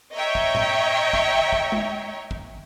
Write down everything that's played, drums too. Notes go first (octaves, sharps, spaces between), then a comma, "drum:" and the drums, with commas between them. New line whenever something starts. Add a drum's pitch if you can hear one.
C#5 D#5 E5 G5 A#5 C#6
drum: kick
drum: tom A2
drum: kick
drum: kick
drum: tom G#3
drum: kick